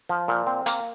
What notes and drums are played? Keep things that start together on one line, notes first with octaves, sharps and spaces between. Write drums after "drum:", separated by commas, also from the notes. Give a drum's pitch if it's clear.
F3
A#2
C4
A#3, drum: hi-hat